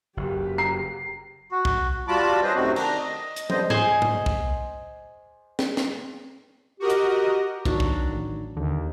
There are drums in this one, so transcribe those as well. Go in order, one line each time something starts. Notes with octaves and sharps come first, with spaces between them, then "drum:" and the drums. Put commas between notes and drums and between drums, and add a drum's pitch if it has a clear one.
F#1 G4 B4
A#5 C7
F#4
drum: kick
G3 F4 F#4 A5 B5 D6
C#4 D4 G#4 B4 C5 D#5
F#2 A2 C3 D#3 C4 F#4
D#3 D4 A#5, drum: cymbal
D#5
drum: hi-hat
G3 A3 B3 C5 D#5, drum: tom
G#4 C5 D#5 G#5, drum: tom G#2
drum: tom G2
drum: kick
drum: snare
drum: snare
F#4 G4 A#4 D#5
drum: hi-hat
D#3 F#3 D4 F#4, drum: kick
drum: kick
A1
D#2 D3